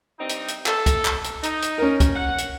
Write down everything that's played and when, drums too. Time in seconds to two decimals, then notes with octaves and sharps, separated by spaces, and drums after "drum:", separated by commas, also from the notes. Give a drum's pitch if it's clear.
0.19 G2 C4 D#4
0.29 drum: hi-hat
0.48 drum: hi-hat
0.66 A4, drum: clap
0.86 drum: kick, hi-hat
1.05 drum: clap
1.24 drum: hi-hat
1.43 D#4, drum: hi-hat
1.62 drum: hi-hat
1.78 C#4 A#4
2.00 drum: kick, hi-hat
2.16 F#5
2.38 drum: hi-hat